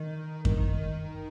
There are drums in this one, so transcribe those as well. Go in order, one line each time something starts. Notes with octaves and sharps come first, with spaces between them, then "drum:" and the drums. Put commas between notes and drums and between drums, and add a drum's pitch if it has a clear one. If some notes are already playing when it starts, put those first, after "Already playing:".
Already playing: D#3
D#3, drum: kick F#2